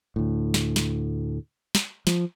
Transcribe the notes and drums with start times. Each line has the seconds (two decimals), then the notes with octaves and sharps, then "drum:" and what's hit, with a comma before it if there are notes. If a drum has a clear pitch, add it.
0.16 D2 A2
0.54 drum: snare
0.76 drum: snare
1.75 drum: snare
2.07 F3, drum: snare